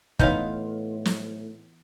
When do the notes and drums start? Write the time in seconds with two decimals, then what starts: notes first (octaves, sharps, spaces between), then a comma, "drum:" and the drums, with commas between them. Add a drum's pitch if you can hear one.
0.19 A2 E3 B3 D#4 F4 C#5 D#5 F5, drum: kick
1.05 drum: snare